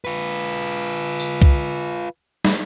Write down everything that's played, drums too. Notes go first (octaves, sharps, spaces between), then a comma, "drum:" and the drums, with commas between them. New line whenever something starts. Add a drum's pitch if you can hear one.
F4 B4
drum: tambourine
drum: kick C2
drum: snare